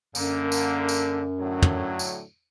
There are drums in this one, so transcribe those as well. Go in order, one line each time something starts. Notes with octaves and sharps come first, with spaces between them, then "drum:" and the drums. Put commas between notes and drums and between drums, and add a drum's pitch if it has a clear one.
F#2 D3 A#3, drum: tambourine
drum: tambourine
drum: tambourine
A2 D3 F#3
drum: tom
drum: tambourine